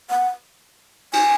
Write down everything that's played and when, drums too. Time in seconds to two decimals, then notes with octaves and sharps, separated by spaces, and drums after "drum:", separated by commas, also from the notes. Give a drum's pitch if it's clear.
0.10 F#5
1.13 G#5, drum: cymbal